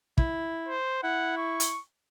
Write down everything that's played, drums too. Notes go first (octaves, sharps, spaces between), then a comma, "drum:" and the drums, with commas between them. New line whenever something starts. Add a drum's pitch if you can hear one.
E4, drum: kick
C5
E4 F#5
C#6
drum: hi-hat